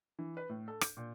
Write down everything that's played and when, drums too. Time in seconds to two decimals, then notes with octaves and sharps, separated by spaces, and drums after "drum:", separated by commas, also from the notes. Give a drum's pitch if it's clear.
0.19 E3
0.37 B4
0.49 A2
0.68 A4
0.81 G6, drum: rim click
0.97 A#2